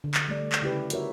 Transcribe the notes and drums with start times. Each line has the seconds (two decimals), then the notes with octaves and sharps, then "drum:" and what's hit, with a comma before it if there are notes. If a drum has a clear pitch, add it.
0.04 D3
0.14 drum: clap
0.28 G3 A3 D5
0.52 drum: clap
0.62 C#3 E4 G4 B4
0.90 F4 F#4 A#4 C#5 E5, drum: hi-hat